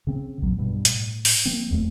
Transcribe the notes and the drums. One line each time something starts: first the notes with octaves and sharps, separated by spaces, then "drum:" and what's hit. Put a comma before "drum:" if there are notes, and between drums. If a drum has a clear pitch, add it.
C#3 C4
D#1 A#1 F#3
G2 B2
A2, drum: hi-hat
drum: open hi-hat
F3 A#3 C4
E1 E2 F3 A3